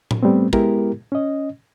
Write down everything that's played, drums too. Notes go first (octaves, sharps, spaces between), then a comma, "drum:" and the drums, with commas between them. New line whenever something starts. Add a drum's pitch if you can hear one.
drum: tom A2
G3 A3 B3 C4
G#3 B3 E4 G4 A#4, drum: kick
C#4 D#5